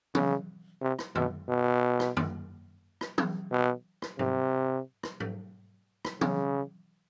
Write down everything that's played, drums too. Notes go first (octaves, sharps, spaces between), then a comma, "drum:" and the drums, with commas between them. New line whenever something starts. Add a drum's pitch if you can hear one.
C#3, drum: tom E3
C3
drum: rim click
B2, drum: tom
B2
drum: rim click
drum: tom
drum: rim click
drum: tom E3
B2
drum: rim click
C3, drum: tom G#2
drum: rim click
drum: tom G#2
drum: rim click
C#3, drum: tom E3